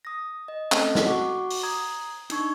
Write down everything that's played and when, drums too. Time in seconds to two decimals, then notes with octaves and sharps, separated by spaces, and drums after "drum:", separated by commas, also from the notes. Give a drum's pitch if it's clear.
0.05 D#6 A#6
0.48 D#5
0.72 A3 C4 C#4 A4 D#5 A5, drum: clap
0.95 drum: snare
1.05 F#4 F#5 C#6 D6
1.50 drum: open hi-hat
1.63 A#5 D#6 G#6
2.30 D4 D#4 C#6 G#6, drum: hi-hat